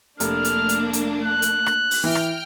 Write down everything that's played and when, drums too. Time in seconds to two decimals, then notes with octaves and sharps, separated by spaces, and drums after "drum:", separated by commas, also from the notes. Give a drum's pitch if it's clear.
0.20 F1 A3 A#3 D4 F6, drum: hi-hat
0.44 drum: hi-hat
0.69 drum: hi-hat
0.93 drum: hi-hat
1.23 F#6
1.42 drum: hi-hat
1.66 drum: rim click
1.91 drum: open hi-hat
2.04 E3 G5 F6
2.15 drum: rim click